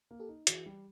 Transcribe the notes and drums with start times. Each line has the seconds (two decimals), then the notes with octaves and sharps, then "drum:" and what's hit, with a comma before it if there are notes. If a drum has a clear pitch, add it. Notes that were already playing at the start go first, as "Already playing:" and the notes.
0.11 A#3
0.20 G4 A4
0.29 D#4
0.47 E3 F#4 G#4, drum: hi-hat
0.66 G3